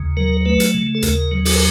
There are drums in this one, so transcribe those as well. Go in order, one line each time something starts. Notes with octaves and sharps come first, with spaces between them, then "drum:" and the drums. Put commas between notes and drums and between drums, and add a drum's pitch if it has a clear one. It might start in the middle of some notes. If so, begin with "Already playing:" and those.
Already playing: D#2 C#3
F#3 A#4
A3 B4
drum: hi-hat
C#3
A4
D#2 A#4, drum: hi-hat
F#3
A4, drum: open hi-hat
A#4